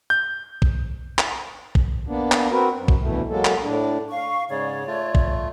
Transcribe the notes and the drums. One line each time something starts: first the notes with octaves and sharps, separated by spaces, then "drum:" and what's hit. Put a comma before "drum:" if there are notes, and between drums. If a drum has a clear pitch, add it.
G6
drum: kick
drum: clap
drum: kick
A#3 B3 D4
drum: clap
C4 F#4 A#4 B4
F#2
drum: kick
D2 B2 E3 A3
F#3 G#3 A#3 A4
drum: clap
A2 D4
F5 C#6
G#2 C#3 C#5 D5
A3 F4
drum: kick